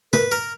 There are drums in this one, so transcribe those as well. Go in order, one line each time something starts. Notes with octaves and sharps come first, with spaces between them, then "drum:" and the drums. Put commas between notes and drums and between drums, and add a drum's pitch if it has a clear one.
A#4 B4, drum: tom
A#4